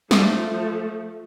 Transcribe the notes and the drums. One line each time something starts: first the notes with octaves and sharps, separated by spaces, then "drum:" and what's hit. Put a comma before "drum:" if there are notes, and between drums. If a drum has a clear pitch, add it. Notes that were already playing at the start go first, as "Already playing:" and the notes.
F3 A3, drum: snare